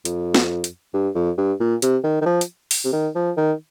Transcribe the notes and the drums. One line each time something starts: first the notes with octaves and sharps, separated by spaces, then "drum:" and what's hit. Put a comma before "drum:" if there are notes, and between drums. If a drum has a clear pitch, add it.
F2, drum: hi-hat
drum: snare
drum: hi-hat
G2
F2
G2
A#2
C3, drum: hi-hat
D#3
D#3
F3
drum: hi-hat
drum: open hi-hat
C3
D#3
F3
D#3